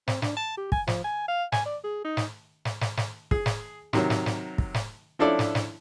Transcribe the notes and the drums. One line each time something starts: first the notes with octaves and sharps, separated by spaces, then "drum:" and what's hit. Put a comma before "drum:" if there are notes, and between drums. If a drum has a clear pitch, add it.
C4, drum: snare
D4, drum: snare
A5
G4
G#5, drum: kick
F3, drum: snare
G#5
F5
G#5, drum: snare
D5
G#4
D#4
drum: snare
drum: snare
drum: snare
drum: snare
G#4, drum: kick
drum: snare
C3 D#3 F#3, drum: snare
drum: snare
drum: snare
drum: kick
drum: snare
F3 C#4 D4 E4 A4 D5
drum: snare
drum: snare